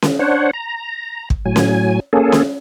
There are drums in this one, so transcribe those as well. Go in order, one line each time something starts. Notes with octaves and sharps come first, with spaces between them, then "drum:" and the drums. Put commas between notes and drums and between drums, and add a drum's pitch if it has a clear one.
drum: snare C#4
D4 C5 C#5 F#5
A#5
drum: kick
A2 F#3 G#5
drum: snare C#4
A#3 C#4 G#4 A4
drum: snare C#4